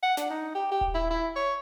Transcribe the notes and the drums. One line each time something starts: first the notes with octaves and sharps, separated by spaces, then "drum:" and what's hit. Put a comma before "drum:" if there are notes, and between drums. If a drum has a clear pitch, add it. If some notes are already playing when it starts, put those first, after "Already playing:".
F#5
D4, drum: snare
D#4
G4
G4
drum: kick D#1
E4
E4
C#5